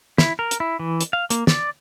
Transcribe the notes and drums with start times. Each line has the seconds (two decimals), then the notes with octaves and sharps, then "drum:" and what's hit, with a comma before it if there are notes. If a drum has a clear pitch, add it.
0.18 E4, drum: snare
0.39 A#4
0.51 drum: hi-hat
0.60 E4
0.79 E3
1.01 drum: hi-hat
1.13 F5
1.30 A#3, drum: hi-hat
1.47 D5, drum: snare